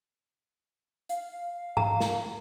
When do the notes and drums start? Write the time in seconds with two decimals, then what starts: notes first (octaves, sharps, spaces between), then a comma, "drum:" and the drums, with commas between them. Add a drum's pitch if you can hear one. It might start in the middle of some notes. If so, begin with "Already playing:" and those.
1.09 F5, drum: hi-hat
1.77 A#5, drum: tom G#2
2.00 drum: snare